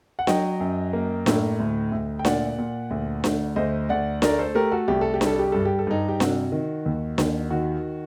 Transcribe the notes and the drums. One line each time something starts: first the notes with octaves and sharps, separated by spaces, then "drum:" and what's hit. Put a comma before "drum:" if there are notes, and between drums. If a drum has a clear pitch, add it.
F#5
F#3 D#5 G5, drum: snare D4
F#2
A#3
A2, drum: snare D4
D2
D2
G5
A#2 D5 F#5, drum: snare D4
A#2
D2
D2, drum: snare D4
D2 C5 D#5
D2 D5 F#5
A3 A#4 D5, drum: snare D4
A4 C5
A3 G4 A#4
F#4 A4
C2 G4
A4
G4
G3, drum: snare D4
A4
G4
G2 A4
G4
A4
G2 D#4 G4
G4
C3 F#4, drum: snare D4
D#3
D#2
D#2, drum: snare D4
D#3 F#4